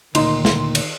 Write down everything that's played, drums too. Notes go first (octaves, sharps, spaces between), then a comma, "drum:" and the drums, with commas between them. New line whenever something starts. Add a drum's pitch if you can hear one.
D2 A#2 D#3 D#4 C6, drum: cymbal
drum: snare
drum: cymbal